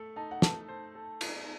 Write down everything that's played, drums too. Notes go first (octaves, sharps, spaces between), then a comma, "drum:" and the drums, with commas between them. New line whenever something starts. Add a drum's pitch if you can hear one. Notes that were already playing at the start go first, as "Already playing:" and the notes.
Already playing: A3 A4
D#4 A5
F#5
A3 A5, drum: snare
C5
A4
D#4, drum: cymbal